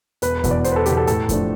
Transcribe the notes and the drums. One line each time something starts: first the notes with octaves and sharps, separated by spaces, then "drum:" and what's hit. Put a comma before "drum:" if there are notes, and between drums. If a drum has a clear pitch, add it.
E1 B4, drum: hi-hat
E2 B2, drum: kick F2, hi-hat
D5
E1 C5, drum: hi-hat
B4
A4
E2 B2 G4, drum: hi-hat
A4
A2 A4, drum: hi-hat
F3 A3 D4, drum: kick F2, hi-hat